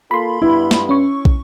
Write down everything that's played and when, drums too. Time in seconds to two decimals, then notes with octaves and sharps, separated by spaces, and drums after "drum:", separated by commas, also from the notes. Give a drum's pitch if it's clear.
0.11 A#3 F4 A4 B5 C6
0.42 G2 B3 E4 B4
0.71 drum: snare
0.89 C#4 C#6
1.25 drum: kick